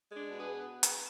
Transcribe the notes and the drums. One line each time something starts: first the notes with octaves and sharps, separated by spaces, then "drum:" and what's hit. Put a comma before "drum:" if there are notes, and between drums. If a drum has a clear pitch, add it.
G#3
D4
B2
G#4 B4
B3
B4
drum: hi-hat